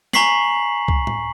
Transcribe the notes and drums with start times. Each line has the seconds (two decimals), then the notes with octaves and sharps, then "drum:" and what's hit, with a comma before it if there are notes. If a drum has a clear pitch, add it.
0.13 G#5 A#5 C#6 B6 C7 F#7, drum: snare
0.88 drum: kick
1.07 drum: tom A2